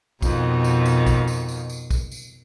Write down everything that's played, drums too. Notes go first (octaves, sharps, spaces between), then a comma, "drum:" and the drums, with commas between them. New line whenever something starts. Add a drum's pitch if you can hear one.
F2 B2 D#3, drum: kick, tambourine
drum: tambourine
drum: tambourine
drum: kick, tambourine
drum: tambourine
drum: tambourine
drum: tambourine
drum: kick, tambourine
drum: tambourine